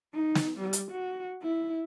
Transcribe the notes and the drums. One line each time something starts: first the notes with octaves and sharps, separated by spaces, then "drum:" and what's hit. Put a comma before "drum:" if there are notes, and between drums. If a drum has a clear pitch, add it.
D#4
drum: snare
G3
drum: hi-hat
F#4
E4